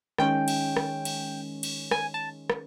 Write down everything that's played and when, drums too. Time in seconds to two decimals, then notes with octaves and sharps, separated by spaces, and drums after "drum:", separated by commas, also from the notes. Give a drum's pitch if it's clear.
0.18 D#3 G#3 C#4 G5, drum: rim click
0.48 drum: cymbal
0.77 drum: rim click
1.05 drum: cymbal
1.63 drum: cymbal
1.91 G#5, drum: rim click
2.14 A5
2.50 drum: rim click